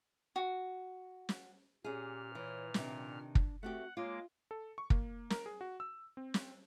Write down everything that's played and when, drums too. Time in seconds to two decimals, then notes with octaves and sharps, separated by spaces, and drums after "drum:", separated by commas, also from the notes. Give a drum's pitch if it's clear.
0.36 F#4
1.29 drum: snare
1.84 A#2 C#4 G4 G#4 F6
2.35 E3 C#5
2.74 C3 D#3 D4, drum: snare
3.35 drum: kick
3.63 A3 C4 F#4 G4 F#5
3.97 G#3 A#3 F4 C#5 D6
4.51 A4
4.78 C#6
4.90 A#3, drum: kick
5.30 A#4, drum: snare
5.46 G#4
5.61 F#4
5.80 E6
6.17 C4
6.34 drum: snare